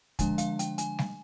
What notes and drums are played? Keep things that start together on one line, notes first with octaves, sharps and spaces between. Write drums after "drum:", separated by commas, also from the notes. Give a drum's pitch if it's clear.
D3 F3 G#3 D4 G#5, drum: kick, hi-hat
F5, drum: hi-hat
G5, drum: hi-hat
G#5, drum: hi-hat
drum: snare G3